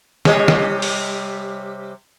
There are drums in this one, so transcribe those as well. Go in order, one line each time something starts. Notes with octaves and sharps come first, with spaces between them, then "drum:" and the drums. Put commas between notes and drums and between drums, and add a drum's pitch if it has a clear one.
C3 G3 C#5, drum: snare
drum: snare
drum: open hi-hat